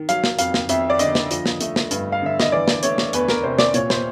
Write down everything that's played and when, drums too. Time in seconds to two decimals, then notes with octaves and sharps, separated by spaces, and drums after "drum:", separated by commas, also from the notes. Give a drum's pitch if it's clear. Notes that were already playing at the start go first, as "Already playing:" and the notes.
Already playing: D#3
0.09 F#3 F5, drum: hi-hat
0.24 drum: snare
0.39 F2 F5, drum: hi-hat
0.54 drum: snare
0.69 F2 E5, drum: hi-hat
0.90 D5
0.99 D3 D#5, drum: hi-hat
1.15 drum: snare
1.31 F3, drum: hi-hat
1.46 drum: snare
1.61 A3, drum: hi-hat
1.76 drum: snare
1.91 G2, drum: hi-hat
2.12 F5
2.22 D3 E5
2.40 D#5, drum: snare
2.52 E3 D5
2.68 drum: snare
2.83 A3 C#5, drum: hi-hat
2.98 drum: snare
3.13 E2 B4, drum: hi-hat
3.28 A#4, drum: snare
3.44 C3 C5
3.59 D5, drum: snare
3.74 A#2 C#5, drum: hi-hat
3.90 C5, drum: snare